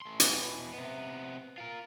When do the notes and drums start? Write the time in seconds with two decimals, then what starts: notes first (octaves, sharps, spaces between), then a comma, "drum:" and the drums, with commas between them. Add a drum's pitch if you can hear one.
0.02 A3 C6
0.20 B2 E3, drum: hi-hat
0.74 C3 B3
1.58 F4 A#4